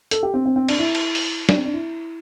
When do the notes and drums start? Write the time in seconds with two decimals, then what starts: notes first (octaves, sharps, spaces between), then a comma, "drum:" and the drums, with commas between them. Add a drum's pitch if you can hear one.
0.11 A4, drum: hi-hat
0.23 G4
0.34 C4
0.46 C4
0.56 C4
0.68 D4, drum: cymbal
0.79 E4
0.95 drum: cymbal
1.15 drum: open hi-hat
1.49 D4, drum: snare
1.56 C4
1.65 D4
1.73 E4